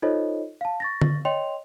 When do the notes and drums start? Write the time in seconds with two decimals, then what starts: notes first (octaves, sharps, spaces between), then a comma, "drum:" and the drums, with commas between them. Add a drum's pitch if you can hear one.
0.02 D#4 F4 A4 C5 C#5 D#5
0.61 F5 A5
0.80 C#6 A6 A#6
1.01 drum: tom D3
1.25 C#5 D#5 G5 C6 F7